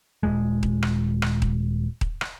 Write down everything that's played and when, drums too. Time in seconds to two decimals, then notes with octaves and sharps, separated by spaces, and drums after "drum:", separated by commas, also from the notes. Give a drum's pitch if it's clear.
0.23 D#1 G#3
0.63 drum: kick D#1
0.83 drum: rim click
1.22 drum: rim click
1.42 drum: kick D#1
2.01 drum: kick D#1
2.21 drum: rim click